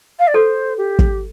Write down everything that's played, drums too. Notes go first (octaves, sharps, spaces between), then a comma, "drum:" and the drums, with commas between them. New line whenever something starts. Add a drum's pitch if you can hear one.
F5
D5
A4 C5
G4
drum: kick